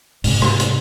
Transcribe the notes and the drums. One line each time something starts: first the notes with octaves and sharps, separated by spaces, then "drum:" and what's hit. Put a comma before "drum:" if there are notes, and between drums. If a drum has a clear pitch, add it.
G#2 C3, drum: open hi-hat
drum: rim click
drum: hi-hat